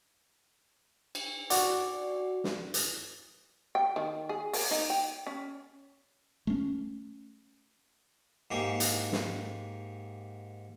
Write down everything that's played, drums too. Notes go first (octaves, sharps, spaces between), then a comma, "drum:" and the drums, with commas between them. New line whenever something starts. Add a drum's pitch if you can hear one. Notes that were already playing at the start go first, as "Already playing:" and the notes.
drum: cymbal
F#4 D5, drum: hi-hat
drum: snare
drum: hi-hat
G5
D#3
G#4
A#4, drum: open hi-hat
D#4
G5
C#4
A3 C#4
G#2 A#3 G4 G#4
drum: hi-hat
drum: snare